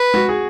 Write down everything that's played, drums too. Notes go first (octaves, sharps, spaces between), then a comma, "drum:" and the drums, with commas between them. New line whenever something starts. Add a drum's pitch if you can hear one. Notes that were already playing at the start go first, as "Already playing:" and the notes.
Already playing: B4
F#4, drum: tom G#3
G#4